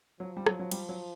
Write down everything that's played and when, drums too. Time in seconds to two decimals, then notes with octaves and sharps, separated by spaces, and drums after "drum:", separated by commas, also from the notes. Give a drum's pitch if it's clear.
0.20 F3 F#3
0.37 G3
0.46 F#3, drum: rim click
0.59 F#3
0.71 G3, drum: cymbal
0.89 F#3